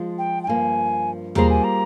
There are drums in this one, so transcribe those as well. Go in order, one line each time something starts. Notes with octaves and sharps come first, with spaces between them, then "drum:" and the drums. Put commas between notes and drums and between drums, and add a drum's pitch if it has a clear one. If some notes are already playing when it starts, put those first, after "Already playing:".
Already playing: F3 G#3 F4
G5
G5
G2 F3 A#3 G#5
G3 A#3 F4 G#4 C5 A#5, drum: tom D#2
G#5
A#5